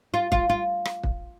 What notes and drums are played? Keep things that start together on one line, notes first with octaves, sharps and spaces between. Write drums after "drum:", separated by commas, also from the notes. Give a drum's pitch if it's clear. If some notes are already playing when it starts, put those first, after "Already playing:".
F4
F4, drum: kick
F4
drum: rim click
drum: kick